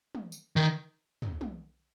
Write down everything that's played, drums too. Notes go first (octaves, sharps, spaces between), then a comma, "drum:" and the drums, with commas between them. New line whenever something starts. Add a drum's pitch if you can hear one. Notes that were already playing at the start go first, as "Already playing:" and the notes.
drum: tom
drum: tambourine
D#3
drum: tom
drum: tom